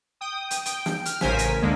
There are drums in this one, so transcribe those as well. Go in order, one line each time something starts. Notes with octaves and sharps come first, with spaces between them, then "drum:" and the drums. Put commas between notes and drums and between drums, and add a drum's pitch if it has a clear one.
G5 D#6
drum: hi-hat
G5, drum: hi-hat
drum: snare
F6, drum: hi-hat
A1 C#3 A#4 C5 G#5 B6, drum: snare
drum: hi-hat
D2 D3 D#3 G#3 A#3